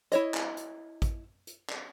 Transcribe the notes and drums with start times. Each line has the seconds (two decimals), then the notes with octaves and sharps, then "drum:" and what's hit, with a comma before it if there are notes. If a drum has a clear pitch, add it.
0.12 E4 C#5 D#5, drum: hi-hat
0.34 drum: clap
0.57 drum: hi-hat
1.02 drum: kick, hi-hat
1.47 drum: hi-hat
1.70 drum: clap